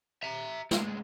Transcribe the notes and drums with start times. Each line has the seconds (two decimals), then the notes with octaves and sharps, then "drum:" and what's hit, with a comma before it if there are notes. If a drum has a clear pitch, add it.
0.23 E5 A#5
0.71 C2 G#3, drum: snare